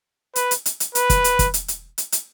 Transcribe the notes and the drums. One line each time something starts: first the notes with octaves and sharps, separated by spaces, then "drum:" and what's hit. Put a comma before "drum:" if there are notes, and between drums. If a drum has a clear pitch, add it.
B4, drum: hi-hat
drum: hi-hat
drum: hi-hat
drum: hi-hat
B4, drum: hi-hat
drum: kick, hi-hat
drum: hi-hat
drum: kick, hi-hat
drum: hi-hat
drum: hi-hat
drum: hi-hat
drum: hi-hat